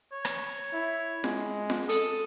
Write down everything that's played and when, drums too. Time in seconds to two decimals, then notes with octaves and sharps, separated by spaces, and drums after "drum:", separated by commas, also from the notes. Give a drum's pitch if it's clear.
0.12 C#5
0.25 drum: rim click
0.73 E4
1.24 G#3, drum: snare F4
1.70 drum: snare F4
1.89 A4 D#6, drum: hi-hat